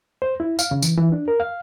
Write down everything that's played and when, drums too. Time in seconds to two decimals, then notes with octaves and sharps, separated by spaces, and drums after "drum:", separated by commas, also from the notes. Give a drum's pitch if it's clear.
0.22 C5
0.40 E4
0.59 F5, drum: tambourine
0.71 C#3
0.82 E3, drum: tambourine
0.97 E3
1.12 D4
1.28 A#4
1.40 F5